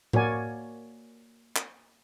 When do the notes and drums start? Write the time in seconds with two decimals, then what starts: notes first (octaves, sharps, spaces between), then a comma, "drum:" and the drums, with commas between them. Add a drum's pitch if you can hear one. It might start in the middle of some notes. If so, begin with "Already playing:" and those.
0.13 A#3 F#4 A#4 C#5 D5 G#5, drum: tom A2
1.56 drum: clap